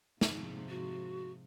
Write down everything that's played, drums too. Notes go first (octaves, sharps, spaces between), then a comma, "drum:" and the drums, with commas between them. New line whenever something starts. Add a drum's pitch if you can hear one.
G#2 C3 F3, drum: snare
F#4